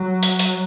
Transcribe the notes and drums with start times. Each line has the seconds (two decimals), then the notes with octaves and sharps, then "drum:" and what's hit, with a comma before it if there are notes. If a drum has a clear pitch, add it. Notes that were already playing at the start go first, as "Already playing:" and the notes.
Already playing: F#3
0.23 drum: hi-hat
0.39 drum: hi-hat